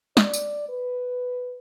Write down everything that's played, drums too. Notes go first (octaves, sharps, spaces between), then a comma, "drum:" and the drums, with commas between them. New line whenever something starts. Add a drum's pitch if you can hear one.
D5, drum: snare
drum: tambourine
B4